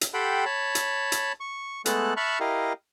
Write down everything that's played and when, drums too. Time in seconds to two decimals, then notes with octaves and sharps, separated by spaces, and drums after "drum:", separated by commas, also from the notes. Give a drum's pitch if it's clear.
0.01 drum: hi-hat
0.14 G4 A4 F#5 G5 B5 C6
0.45 C#5 A5 B5
0.75 drum: hi-hat
1.12 drum: hi-hat
1.40 C#6
1.86 G#3 A3 B3 A4 F#6, drum: hi-hat
2.17 E5 A5 B5 C#6 F6 F#6
2.40 E4 G4 A#4 D#5 F5